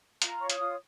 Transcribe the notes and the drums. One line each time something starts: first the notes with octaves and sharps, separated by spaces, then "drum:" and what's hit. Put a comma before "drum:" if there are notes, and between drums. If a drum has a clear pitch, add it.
F4 A#5, drum: hi-hat
C#5 C#6
D#6, drum: hi-hat
F4